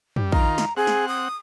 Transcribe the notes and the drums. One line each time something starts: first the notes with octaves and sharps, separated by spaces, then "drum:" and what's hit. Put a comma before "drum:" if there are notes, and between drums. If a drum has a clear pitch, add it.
G3, drum: tom
D#3 F4 A#5, drum: kick A#1
drum: snare
C4 G#4 F#5
drum: snare
D#6